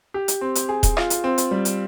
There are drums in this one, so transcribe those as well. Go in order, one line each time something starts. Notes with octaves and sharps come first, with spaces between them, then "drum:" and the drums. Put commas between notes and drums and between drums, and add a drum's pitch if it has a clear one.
G4
drum: hi-hat
C4
drum: hi-hat
G#4
drum: kick D#1, hi-hat
F4, drum: rim click
drum: hi-hat
C4
drum: hi-hat
G3
drum: hi-hat